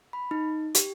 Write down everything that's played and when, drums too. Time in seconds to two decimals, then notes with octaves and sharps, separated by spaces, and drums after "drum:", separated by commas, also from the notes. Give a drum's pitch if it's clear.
0.13 B5
0.31 D#4
0.75 G4, drum: hi-hat